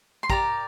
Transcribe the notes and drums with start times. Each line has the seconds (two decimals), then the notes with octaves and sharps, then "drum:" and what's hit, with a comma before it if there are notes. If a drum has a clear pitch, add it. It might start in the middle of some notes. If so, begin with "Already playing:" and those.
0.23 C6
0.30 G4 A#4 D5 A#5, drum: kick